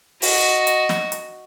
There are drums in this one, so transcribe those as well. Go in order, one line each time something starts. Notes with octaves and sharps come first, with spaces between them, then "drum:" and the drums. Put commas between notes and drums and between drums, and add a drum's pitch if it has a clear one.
F#4 D#5, drum: open hi-hat
drum: hi-hat
drum: snare
drum: hi-hat